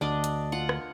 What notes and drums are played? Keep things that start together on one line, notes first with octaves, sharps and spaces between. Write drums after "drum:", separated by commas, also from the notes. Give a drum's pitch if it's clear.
D2 D4 D5 D#5
drum: hi-hat
F4 F#5
drum: rim click